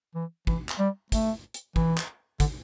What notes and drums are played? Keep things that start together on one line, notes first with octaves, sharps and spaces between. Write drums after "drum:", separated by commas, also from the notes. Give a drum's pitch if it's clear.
E3
E3, drum: kick
drum: clap
G3
A3, drum: kick, hi-hat
drum: hi-hat
E3, drum: kick
drum: clap
D3, drum: kick, hi-hat